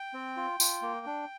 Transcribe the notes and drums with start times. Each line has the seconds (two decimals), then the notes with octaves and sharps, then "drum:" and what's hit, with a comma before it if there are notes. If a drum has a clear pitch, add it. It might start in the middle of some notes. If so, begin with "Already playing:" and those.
Already playing: G5
0.14 C4
0.37 F4
0.60 F4, drum: tambourine
0.82 A#3
1.06 D4